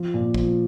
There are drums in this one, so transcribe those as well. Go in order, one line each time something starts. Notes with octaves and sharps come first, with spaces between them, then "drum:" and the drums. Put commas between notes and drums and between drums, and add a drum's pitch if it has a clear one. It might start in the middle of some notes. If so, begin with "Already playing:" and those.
Already playing: F3
A#2
F3, drum: kick